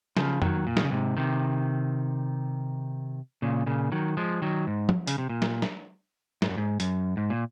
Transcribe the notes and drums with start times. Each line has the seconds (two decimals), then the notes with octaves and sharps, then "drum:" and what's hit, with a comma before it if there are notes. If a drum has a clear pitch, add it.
0.17 C#3 F3, drum: snare
0.42 D#3 F#3, drum: tom
0.67 A#2
0.77 D#3, drum: snare
0.84 C#3
0.91 G#2 C3
1.17 C3 D#3
3.42 A#2 C#3
3.66 A#2 C#3
3.92 D#3 F#3
4.17 F3 G#3
4.42 D#3 F#3
4.67 G#2
4.89 drum: tom
5.07 C#3, drum: hi-hat
5.18 C3
5.29 A#2
5.42 drum: snare
5.62 drum: snare
6.42 G#2, drum: snare
6.49 F#2
6.57 G#2
6.80 F#2, drum: hi-hat
7.17 G#2
7.30 A#2